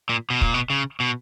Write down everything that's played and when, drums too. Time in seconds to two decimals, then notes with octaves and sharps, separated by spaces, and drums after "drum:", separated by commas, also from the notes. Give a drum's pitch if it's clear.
0.09 A#2
0.30 B2
0.41 A#2, drum: kick
0.54 B2
0.70 C#3
1.00 B2